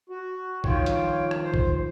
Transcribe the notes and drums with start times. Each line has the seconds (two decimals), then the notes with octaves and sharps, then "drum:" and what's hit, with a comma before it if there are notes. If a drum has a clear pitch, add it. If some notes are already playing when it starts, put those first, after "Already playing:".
0.10 F#4
0.64 D#3 F3 F4 C#5 G5, drum: kick B1
0.86 drum: hi-hat
1.31 drum: rim click
1.43 C5
1.54 drum: kick B1